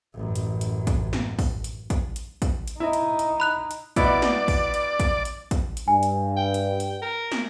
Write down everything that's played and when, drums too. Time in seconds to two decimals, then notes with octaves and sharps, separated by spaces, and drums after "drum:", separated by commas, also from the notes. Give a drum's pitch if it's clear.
0.15 A1 F#2
0.35 drum: hi-hat
0.61 drum: hi-hat
0.87 drum: kick, hi-hat
1.13 drum: snare
1.39 drum: kick, open hi-hat
1.64 drum: hi-hat
1.90 drum: kick, hi-hat
2.16 drum: hi-hat
2.42 drum: kick, hi-hat
2.68 drum: hi-hat
2.80 D#4 E4 D#5
2.93 drum: hi-hat
3.19 drum: hi-hat
3.40 B5 F#6 F7
3.71 drum: hi-hat
3.96 B2 B3 E4 D5, drum: kick, hi-hat
4.22 drum: snare
4.48 drum: kick, open hi-hat
4.74 drum: hi-hat
5.00 drum: kick, hi-hat
5.25 drum: hi-hat
5.51 drum: kick, hi-hat
5.77 drum: hi-hat
5.88 G2 G#5
6.03 drum: hi-hat
6.37 G5
6.54 drum: hi-hat
6.80 drum: hi-hat
7.02 A#4
7.32 drum: snare